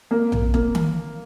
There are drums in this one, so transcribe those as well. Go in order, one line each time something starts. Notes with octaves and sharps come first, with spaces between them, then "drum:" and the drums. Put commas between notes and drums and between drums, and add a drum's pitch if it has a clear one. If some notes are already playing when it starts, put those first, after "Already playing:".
A#3
A#3, drum: tom A#1
A#3, drum: kick E1
drum: tom D#3